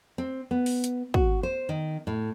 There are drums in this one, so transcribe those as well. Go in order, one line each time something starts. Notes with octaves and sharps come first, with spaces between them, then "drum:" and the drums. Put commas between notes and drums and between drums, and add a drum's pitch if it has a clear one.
C4
B3
drum: open hi-hat
drum: hi-hat
F#4, drum: kick
C5
D#3
A2